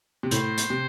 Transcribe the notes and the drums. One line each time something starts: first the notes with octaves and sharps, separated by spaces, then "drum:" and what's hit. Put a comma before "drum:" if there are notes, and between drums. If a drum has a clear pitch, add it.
C3
A2 C5, drum: hi-hat
drum: hi-hat
C3